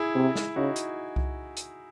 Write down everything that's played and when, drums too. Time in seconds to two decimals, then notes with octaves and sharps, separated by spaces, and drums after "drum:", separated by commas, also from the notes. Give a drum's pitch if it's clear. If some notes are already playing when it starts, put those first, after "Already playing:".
Already playing: E4 G#4
0.15 C3
0.35 drum: snare
0.56 C#3 D#4 F#4
0.76 drum: hi-hat
1.16 drum: kick C2
1.57 drum: hi-hat